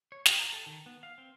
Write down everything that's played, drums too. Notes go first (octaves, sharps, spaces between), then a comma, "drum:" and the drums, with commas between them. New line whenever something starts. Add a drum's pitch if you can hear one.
C#5
G4, drum: snare
A#5
A4
D#3
B3
F5
C4